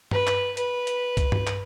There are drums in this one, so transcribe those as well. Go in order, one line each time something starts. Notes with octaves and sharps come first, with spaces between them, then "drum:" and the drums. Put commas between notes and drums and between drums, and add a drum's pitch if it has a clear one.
B4, drum: tom G2
drum: clap
B4, drum: hi-hat
drum: hi-hat
drum: kick, hi-hat
drum: tom G2
drum: clap